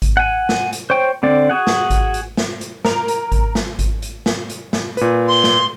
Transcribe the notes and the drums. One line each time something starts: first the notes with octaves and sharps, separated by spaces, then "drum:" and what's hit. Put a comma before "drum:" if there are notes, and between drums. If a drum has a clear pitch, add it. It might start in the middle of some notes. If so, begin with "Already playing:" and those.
drum: kick G#1, hi-hat
F#5 G#5
drum: snare
drum: hi-hat
C5 C#5 G5
D3 C4 D5
F#4 G#4 F#5
drum: snare
drum: kick G#1, hi-hat
drum: hi-hat
drum: snare
drum: hi-hat
A#4 F7, drum: snare
drum: hi-hat
drum: kick G#1, hi-hat
drum: snare
drum: kick G#1, hi-hat
drum: hi-hat
drum: snare
drum: hi-hat
drum: snare
A#2 B4, drum: hi-hat
C6
drum: snare